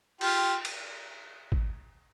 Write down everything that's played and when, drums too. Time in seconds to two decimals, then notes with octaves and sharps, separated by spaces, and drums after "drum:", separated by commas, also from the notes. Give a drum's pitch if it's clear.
0.21 F4 G4, drum: cymbal
0.65 drum: cymbal
1.52 drum: kick